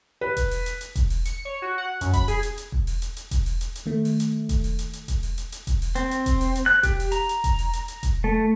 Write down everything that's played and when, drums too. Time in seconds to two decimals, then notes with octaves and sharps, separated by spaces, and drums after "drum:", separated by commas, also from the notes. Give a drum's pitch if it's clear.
0.21 B4
0.37 drum: kick E1, hi-hat
0.51 drum: open hi-hat
0.66 drum: hi-hat
0.81 drum: hi-hat
0.95 drum: kick E1, hi-hat
1.10 drum: open hi-hat
1.25 C#7, drum: hi-hat
1.45 C#5
1.62 F#4
1.78 F#5
2.01 F#2, drum: hi-hat
2.13 B5, drum: kick E1, hi-hat
2.28 G#4, drum: open hi-hat
2.43 drum: hi-hat
2.58 drum: hi-hat
2.72 drum: kick E1
2.87 drum: open hi-hat
3.02 drum: hi-hat
3.17 drum: hi-hat
3.31 drum: kick E1, hi-hat
3.46 drum: open hi-hat
3.61 drum: hi-hat
3.75 drum: hi-hat
3.86 D#3 A3
4.05 drum: open hi-hat
4.20 drum: hi-hat
4.49 drum: kick E1, hi-hat
4.64 drum: open hi-hat
4.79 drum: hi-hat
4.93 drum: hi-hat
5.08 drum: kick E1, hi-hat
5.23 drum: open hi-hat
5.38 drum: hi-hat
5.52 drum: hi-hat
5.67 drum: kick E1, hi-hat
5.82 drum: open hi-hat
5.95 C4, drum: hi-hat
6.11 drum: hi-hat
6.26 drum: kick E1, hi-hat
6.41 drum: open hi-hat
6.55 drum: hi-hat
6.66 F#6
6.83 G4, drum: kick E1, hi-hat
7.00 drum: open hi-hat
7.12 A#5, drum: hi-hat
7.29 drum: hi-hat
7.44 drum: kick E1, hi-hat
7.59 drum: open hi-hat
7.73 drum: hi-hat
7.88 drum: hi-hat
8.03 drum: kick E1, hi-hat
8.24 A3